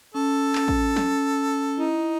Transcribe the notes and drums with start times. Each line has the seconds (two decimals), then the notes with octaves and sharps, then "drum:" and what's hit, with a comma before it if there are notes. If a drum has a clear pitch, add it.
0.15 C#4 A4
0.55 C#4, drum: clap
0.68 drum: kick
0.96 C#4, drum: snare
1.78 D#4 E4